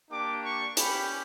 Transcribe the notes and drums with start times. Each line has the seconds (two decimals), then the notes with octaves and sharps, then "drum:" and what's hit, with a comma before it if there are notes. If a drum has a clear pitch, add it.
0.11 A#3 D4 G4 D6
0.45 C#6
0.77 C#4 G4 B5, drum: hi-hat